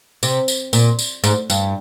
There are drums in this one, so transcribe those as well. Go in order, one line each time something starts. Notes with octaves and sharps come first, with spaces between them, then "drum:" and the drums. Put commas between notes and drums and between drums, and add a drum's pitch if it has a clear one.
C3, drum: tambourine
drum: tambourine
A#2, drum: tambourine
drum: tambourine
G#2, drum: tambourine
G2, drum: tambourine